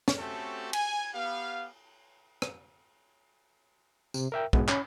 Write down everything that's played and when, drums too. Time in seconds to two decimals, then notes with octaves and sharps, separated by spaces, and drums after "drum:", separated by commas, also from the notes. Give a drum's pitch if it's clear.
0.08 drum: snare
0.18 A3 C4 C#4 F#4 G4 A4
0.73 G#5, drum: cymbal
1.14 B3 G4 F5
2.42 drum: rim click
4.14 C3, drum: tambourine
4.32 A#4 E5 G5
4.53 G#2 B2 G#3 B3, drum: kick
4.68 C#4 B5, drum: clap